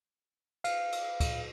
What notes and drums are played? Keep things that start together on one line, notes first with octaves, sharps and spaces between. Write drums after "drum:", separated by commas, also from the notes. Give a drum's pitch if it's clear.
F5, drum: cymbal
drum: cymbal
drum: kick C#2, cymbal